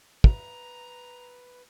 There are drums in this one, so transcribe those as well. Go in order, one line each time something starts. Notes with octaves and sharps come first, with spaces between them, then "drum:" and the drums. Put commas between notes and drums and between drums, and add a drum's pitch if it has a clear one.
B4 A#5, drum: kick